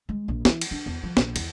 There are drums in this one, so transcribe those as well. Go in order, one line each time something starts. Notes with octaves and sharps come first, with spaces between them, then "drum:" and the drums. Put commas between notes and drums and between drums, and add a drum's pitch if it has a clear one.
G#3
A#1
E3, drum: snare
drum: cymbal
D4
E2
F3
A#1, drum: snare
E2, drum: cymbal